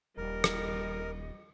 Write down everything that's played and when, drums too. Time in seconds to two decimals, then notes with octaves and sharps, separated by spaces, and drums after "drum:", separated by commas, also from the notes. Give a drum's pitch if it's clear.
0.17 D#1 G3 A#4 D#5
0.44 drum: rim click